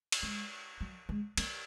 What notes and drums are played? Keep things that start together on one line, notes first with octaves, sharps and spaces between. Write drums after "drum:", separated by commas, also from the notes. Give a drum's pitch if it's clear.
drum: cymbal
G#3
F#3
G#3
A#3, drum: cymbal